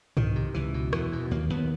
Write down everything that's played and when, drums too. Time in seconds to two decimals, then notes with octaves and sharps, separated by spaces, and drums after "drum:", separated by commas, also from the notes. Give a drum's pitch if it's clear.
0.17 C2 D#3, drum: tom
0.36 C3
0.54 C#2 E3
0.74 B2
0.93 E2 E3, drum: rim click
1.13 B2
1.31 D#2 A#3
1.50 D#2 B3